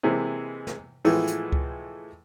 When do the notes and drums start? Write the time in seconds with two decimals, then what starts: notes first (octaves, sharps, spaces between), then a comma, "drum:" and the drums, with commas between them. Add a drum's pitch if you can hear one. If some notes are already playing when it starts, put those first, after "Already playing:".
0.03 C3 E3 G#3 A#3
0.67 drum: snare
1.05 A2 E3 F3 G#3 A3 B3, drum: open hi-hat
1.27 drum: hi-hat
1.52 drum: kick C#2